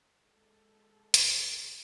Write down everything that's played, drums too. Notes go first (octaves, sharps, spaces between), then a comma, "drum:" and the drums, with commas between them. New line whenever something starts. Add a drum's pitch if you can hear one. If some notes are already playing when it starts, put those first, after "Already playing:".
G#3 A4
drum: hi-hat